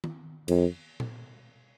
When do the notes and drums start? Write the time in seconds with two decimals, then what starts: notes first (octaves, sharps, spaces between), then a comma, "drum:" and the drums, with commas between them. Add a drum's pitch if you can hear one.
0.04 drum: tom D#3
0.48 F2, drum: cymbal
1.00 drum: tom A#2